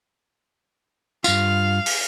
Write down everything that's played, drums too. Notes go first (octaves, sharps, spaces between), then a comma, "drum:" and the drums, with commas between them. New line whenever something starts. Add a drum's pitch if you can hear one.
G2 F4 F5, drum: tambourine
drum: open hi-hat